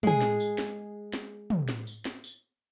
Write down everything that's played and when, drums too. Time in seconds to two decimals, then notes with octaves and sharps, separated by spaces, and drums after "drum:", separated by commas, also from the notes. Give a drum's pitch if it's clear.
0.03 G#3 G#4, drum: tom
0.22 drum: snare
0.40 drum: tambourine
0.58 drum: snare
1.13 drum: snare
1.50 drum: tom
1.69 drum: snare
1.87 drum: tambourine
2.05 drum: snare
2.24 drum: tambourine